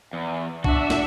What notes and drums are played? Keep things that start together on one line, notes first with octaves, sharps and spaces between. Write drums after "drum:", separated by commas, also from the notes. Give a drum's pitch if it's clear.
E2
D4 F#4 E5, drum: kick A#1
drum: snare